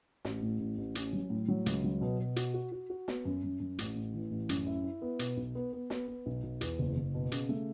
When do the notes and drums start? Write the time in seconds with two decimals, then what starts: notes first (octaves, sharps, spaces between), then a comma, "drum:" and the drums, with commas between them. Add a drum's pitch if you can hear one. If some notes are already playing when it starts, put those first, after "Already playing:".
0.25 A1, drum: snare
0.42 A2
0.60 A1
0.78 A1
0.95 C#4, drum: hi-hat
1.13 F#3
1.30 A2
1.48 F#3
1.66 C#2, drum: hi-hat
1.84 F#3
2.01 B2
2.19 B2
2.36 F#4, drum: hi-hat
2.54 F#4
2.72 F#4
2.90 F#4
3.08 B3, drum: snare
3.25 F#2
3.43 F#2
3.60 F#2
3.79 A1, drum: hi-hat
3.96 A2
4.14 E3
4.31 A1
4.49 F#2, drum: hi-hat
4.67 E4
4.84 E4
5.02 B3
5.19 B2, drum: hi-hat
5.37 B1
5.55 B3
5.73 B3
5.90 B3, drum: snare
6.08 B3
6.26 B1
6.44 B1
6.61 E2, drum: hi-hat
6.79 F#1
6.97 F#1
7.14 B2
7.32 C#3, drum: hi-hat
7.49 A3